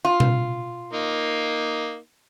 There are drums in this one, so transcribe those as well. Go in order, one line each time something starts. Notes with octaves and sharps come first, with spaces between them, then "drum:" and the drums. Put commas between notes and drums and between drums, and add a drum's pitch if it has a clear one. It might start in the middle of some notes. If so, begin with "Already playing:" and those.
F4
drum: tom B2
A#3 D#4